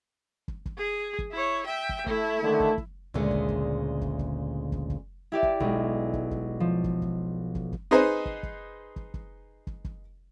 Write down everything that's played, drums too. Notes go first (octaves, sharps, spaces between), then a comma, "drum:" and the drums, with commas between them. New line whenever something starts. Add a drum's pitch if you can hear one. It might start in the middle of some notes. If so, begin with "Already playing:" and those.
drum: kick
drum: kick
G#4
drum: kick
E4 C#5
E5 G5
drum: kick
A3 E4, drum: kick
D3 D#3 A3
drum: kick
drum: kick
D2 A#2 C#3 G#3 A3
drum: kick
drum: kick
drum: kick
drum: kick
drum: kick
drum: kick
E4 G4 D5 E5
drum: kick
B1 G#3, drum: kick
drum: kick
drum: kick
F3
drum: kick
drum: kick
drum: kick
drum: kick
D#4 G#4 B4 C5 D#5
drum: kick
drum: kick
drum: kick
drum: kick
drum: kick
drum: kick